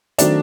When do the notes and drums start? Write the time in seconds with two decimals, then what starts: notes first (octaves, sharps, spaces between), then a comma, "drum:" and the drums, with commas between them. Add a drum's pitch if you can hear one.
0.18 D#3 F#3 A3 C4 D4, drum: hi-hat